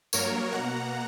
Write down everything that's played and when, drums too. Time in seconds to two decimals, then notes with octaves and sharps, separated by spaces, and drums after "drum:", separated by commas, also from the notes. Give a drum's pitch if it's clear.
0.13 G2 F#3 A#3 A#4 C#5, drum: tambourine
0.52 B2 A#3 F#5 A#5